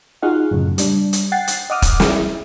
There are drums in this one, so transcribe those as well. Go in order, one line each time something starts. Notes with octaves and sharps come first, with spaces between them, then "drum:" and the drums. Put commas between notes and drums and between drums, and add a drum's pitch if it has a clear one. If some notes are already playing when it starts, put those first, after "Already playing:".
D#4 F4 F#4 G#4 F5 F#5
F#2 A2 C#3
G3 D4, drum: hi-hat
drum: hi-hat
F#5 G5 A6 C7
drum: hi-hat
D#5 F#5 D6 D#6 F6
drum: kick, hi-hat
drum: snare
E4